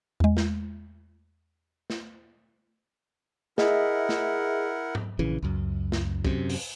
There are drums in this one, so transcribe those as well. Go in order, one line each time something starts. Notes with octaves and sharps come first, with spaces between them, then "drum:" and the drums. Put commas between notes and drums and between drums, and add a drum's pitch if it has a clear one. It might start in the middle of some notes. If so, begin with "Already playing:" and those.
E2 G#3
drum: snare
drum: snare
E4 G#4 A#4 D#5 E5 F#5, drum: snare
drum: snare
drum: tom G#2
A#1 C#3 E3
C#2 F#2
drum: snare
F#2 C3, drum: kick
drum: open hi-hat